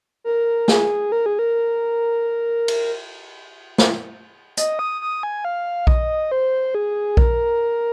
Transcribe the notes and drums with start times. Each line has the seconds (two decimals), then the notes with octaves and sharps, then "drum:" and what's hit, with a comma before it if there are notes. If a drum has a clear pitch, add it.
0.24 A#4
0.68 G#4, drum: snare
1.12 A#4
1.26 G#4
1.39 A#4
2.68 drum: cymbal
3.78 drum: snare
4.57 D#5, drum: hi-hat
4.79 D#6
5.01 D#6
5.23 G#5
5.45 F5
5.87 D#5, drum: kick A#1
6.32 C5
6.75 G#4
7.17 A#4, drum: kick A#1